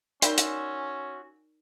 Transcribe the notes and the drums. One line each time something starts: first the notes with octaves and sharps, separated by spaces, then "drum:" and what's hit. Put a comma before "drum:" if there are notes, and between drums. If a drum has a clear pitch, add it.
C#4 D#4 F#4 A#4 D5 E5 G5 C6, drum: hi-hat
drum: hi-hat